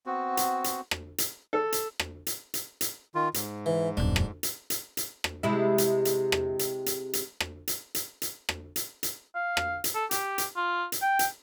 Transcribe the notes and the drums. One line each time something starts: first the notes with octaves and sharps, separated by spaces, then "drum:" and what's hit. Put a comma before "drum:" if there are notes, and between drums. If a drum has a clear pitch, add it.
B3 C4 F#4
drum: hi-hat
drum: hi-hat
drum: rim click
drum: hi-hat
A4
drum: hi-hat
drum: rim click
drum: hi-hat
drum: hi-hat
drum: hi-hat
D#3 F4
G#2, drum: hi-hat
E3
D#1 F#2 D4
drum: rim click
drum: hi-hat
drum: hi-hat
drum: hi-hat
drum: rim click
C3 G#3 E4
drum: hi-hat
drum: hi-hat
drum: rim click
drum: hi-hat
drum: hi-hat
drum: hi-hat
drum: rim click
drum: hi-hat
drum: hi-hat
drum: hi-hat
drum: rim click
drum: hi-hat
drum: hi-hat
F5
drum: rim click
drum: hi-hat
A4
G4, drum: hi-hat
drum: hi-hat
F4
drum: hi-hat
G5
drum: hi-hat